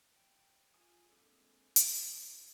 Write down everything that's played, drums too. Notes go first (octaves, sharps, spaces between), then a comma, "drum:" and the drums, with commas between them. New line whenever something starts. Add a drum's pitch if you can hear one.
G5
F4 G#4 G#5 D#6
G#3 A#3 C4 D4 A4
E4 C5 D#5 G6, drum: hi-hat